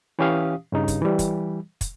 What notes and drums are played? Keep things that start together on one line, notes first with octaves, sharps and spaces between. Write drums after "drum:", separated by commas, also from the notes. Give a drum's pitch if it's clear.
E3 C#4 G4 F5 D#6
G2 C#3 D#4
drum: kick, hi-hat
E3 G3
drum: kick, hi-hat
drum: kick, hi-hat